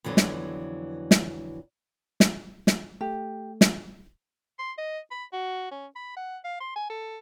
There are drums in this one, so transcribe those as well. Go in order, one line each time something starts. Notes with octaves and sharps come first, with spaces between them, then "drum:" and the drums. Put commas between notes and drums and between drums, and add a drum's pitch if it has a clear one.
F2 D3 E3 F#3 B3
drum: snare
drum: snare
drum: snare
drum: snare
A3 G4
drum: snare
C6
D#5
B5
F#4
C#4
B5
F#5
F5
C6
G#5
A4